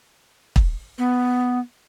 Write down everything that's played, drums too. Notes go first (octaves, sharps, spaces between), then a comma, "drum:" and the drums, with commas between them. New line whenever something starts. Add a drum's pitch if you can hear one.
drum: kick
B3